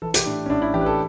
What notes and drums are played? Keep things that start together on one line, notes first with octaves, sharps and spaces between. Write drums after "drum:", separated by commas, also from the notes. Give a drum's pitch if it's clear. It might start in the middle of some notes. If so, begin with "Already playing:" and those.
E3 A4
G4, drum: hi-hat
A2 D4
C#4
A2 D4
E4
E3 G4
B4
A4